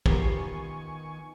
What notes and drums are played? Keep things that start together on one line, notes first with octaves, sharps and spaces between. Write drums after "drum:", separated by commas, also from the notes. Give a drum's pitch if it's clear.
D#3 B3 F4 G4 A#4 B4 G#5 C#6, drum: kick